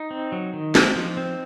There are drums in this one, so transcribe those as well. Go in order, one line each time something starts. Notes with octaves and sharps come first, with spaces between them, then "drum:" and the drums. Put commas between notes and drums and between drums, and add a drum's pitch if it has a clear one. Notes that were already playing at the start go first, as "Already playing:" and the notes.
Already playing: D#4
C4
F#3
D#3
C4, drum: snare
F3
C4